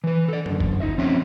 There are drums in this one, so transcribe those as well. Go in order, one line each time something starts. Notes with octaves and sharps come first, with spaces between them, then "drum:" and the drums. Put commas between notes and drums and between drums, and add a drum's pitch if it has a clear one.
E3 B4
A4 D5
F#2 D3, drum: tom G2
drum: kick F1
D#4 D#5 E5
F3 C4 C#4 E5